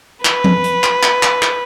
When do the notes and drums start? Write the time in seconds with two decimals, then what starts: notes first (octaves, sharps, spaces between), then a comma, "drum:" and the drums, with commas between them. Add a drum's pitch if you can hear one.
0.25 B4, drum: clap
0.44 drum: tom F3
0.64 drum: hi-hat
0.84 drum: clap
1.03 drum: clap
1.23 drum: clap
1.42 drum: clap